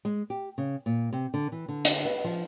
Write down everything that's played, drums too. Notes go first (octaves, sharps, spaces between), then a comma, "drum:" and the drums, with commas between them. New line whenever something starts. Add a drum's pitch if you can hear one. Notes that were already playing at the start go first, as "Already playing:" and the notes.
G#3
G4
C#3
A#2
C3
D3
E3
D3
drum: hi-hat
B4
F3